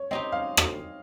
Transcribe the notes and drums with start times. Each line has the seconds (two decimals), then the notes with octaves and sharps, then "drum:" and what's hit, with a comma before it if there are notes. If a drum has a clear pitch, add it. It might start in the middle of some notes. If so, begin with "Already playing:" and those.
Already playing: C#5
0.11 C4 D#4 G4 D#5
0.32 F5
0.57 drum: rim click